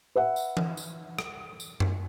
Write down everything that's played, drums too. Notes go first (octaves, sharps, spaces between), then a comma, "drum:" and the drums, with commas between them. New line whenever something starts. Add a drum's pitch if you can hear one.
B4 E5 F#5
drum: tambourine
drum: tom E3
drum: tambourine
drum: rim click
drum: tambourine
drum: tom F#2